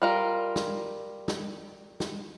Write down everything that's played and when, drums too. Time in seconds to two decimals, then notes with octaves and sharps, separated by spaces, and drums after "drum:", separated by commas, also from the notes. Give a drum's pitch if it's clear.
0.02 G3 F4 A#4
0.56 drum: snare
1.28 drum: snare
2.00 drum: snare